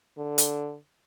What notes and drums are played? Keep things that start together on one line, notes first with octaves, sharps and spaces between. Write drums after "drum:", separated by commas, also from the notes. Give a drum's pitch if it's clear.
D3
drum: hi-hat